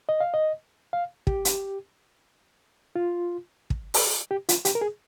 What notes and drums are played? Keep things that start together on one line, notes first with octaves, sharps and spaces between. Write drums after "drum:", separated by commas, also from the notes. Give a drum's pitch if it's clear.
D#5
F5
D#5
F5
G4, drum: kick
drum: hi-hat
F4
drum: kick
drum: open hi-hat
G4
F4, drum: hi-hat
G4, drum: hi-hat
A#4
G#4